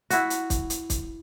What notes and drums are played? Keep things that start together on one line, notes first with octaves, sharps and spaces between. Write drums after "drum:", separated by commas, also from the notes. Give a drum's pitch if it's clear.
E4 F#4, drum: hi-hat
drum: hi-hat
drum: kick, hi-hat
drum: hi-hat
drum: kick, hi-hat